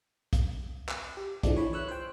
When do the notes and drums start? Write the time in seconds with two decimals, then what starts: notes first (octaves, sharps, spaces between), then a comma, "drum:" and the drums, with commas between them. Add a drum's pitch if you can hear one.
0.33 drum: kick, hi-hat
0.89 drum: clap
1.17 G4
1.43 D3 E3 F3 G#3 A3 D4, drum: kick, hi-hat
1.55 E3 C#5 B5
1.73 C#5 E6 F#6
1.88 C5 G5